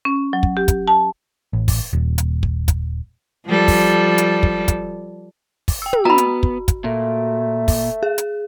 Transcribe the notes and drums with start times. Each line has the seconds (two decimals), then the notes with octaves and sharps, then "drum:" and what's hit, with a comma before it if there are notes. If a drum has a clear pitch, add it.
0.05 C#4
0.33 F#3
0.43 drum: kick
0.57 G4
0.68 drum: kick, hi-hat
0.88 A5
1.53 A1
1.68 drum: kick, open hi-hat
1.93 D#1
2.18 drum: hi-hat
2.43 drum: kick
2.68 drum: kick, hi-hat
3.46 F3 G3 A4
3.68 drum: kick, open hi-hat
4.18 drum: hi-hat
4.43 drum: kick
4.68 drum: kick, hi-hat
5.68 drum: kick, open hi-hat
5.82 G5 E6
5.93 drum: tom
6.05 B3 F#4 A#5 B5
6.18 drum: hi-hat
6.43 drum: kick
6.68 drum: kick, hi-hat
6.84 A#2 A3
7.68 drum: kick, open hi-hat
8.03 G#4
8.18 drum: hi-hat